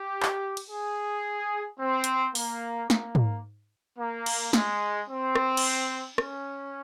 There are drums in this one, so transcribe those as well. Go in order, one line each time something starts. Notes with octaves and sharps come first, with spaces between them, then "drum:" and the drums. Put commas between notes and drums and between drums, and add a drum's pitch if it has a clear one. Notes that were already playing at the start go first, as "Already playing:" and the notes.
Already playing: G4
drum: clap
drum: cymbal
G#4
C4
drum: hi-hat
A#3, drum: open hi-hat
A#3, drum: snare
drum: tom
A#3
drum: cymbal
G#3, drum: snare
C4
drum: rim click
drum: cymbal
C#4, drum: rim click